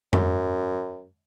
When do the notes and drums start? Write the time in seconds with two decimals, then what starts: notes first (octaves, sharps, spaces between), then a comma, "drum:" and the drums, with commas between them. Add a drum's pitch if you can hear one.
0.13 F#2, drum: tom F2